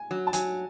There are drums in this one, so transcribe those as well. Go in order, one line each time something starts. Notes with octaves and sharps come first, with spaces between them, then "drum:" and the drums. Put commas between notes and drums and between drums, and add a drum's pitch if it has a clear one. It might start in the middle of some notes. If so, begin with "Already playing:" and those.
Already playing: G#5
F#3
A5
F#3 G#5, drum: hi-hat